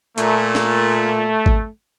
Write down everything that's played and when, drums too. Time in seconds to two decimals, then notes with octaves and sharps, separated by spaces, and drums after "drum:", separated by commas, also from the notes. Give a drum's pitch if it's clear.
0.18 A#2 A3, drum: hi-hat
0.55 drum: snare
1.46 drum: kick G#1